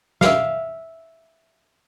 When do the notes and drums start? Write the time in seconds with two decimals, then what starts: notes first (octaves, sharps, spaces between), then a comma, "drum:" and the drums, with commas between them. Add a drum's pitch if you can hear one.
0.21 E5 F5, drum: snare